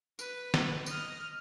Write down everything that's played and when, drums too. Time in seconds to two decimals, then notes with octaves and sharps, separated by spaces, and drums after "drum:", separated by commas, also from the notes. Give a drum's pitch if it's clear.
0.19 B4, drum: tambourine
0.54 drum: snare
0.86 D#5 F6, drum: tambourine